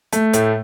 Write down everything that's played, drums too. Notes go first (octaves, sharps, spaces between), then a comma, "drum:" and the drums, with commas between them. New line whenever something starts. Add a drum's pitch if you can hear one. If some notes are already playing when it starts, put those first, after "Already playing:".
A3, drum: hi-hat
A2, drum: hi-hat